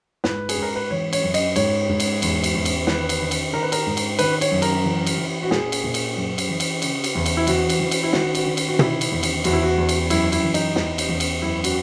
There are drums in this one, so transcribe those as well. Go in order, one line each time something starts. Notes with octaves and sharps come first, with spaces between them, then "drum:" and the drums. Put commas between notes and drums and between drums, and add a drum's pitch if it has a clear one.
G#2 B4, drum: snare
G#4, drum: cymbal
G#2
A#4
B4
E3 C#5
C#5, drum: cymbal
F#2
D#5, drum: cymbal
G#2 C#5, drum: cymbal
G#2
drum: cymbal
E2, drum: cymbal
drum: cymbal
E2
drum: cymbal
D#3 B4, drum: snare
drum: cymbal
D#3
drum: cymbal
D#3 A#4
B4
A#4, drum: cymbal
G#2
drum: cymbal
D#3 B4, drum: cymbal
C#5, drum: cymbal
F#2
A#4, drum: cymbal
E3
drum: cymbal
E3
F#4
A#2 G#4, drum: snare
drum: cymbal
A#2
drum: cymbal
F#2
drum: cymbal
E3
drum: cymbal
C#3, drum: cymbal
drum: cymbal
E2
drum: cymbal
E4
E3 F#4, drum: cymbal
drum: cymbal
E3
drum: cymbal
E4
D#3 F#4, drum: snare
F#4, drum: cymbal
D#3
drum: cymbal
F#4
D#3 E4, drum: tom
drum: cymbal
E2
drum: cymbal
E2 F#4, drum: cymbal
E4
F#4
E2
drum: cymbal
F#2 E4, drum: cymbal
E4, drum: cymbal
E3
D#4, drum: cymbal
E2, drum: snare
drum: cymbal
E2
drum: cymbal
F#2 E4
F#4, drum: cymbal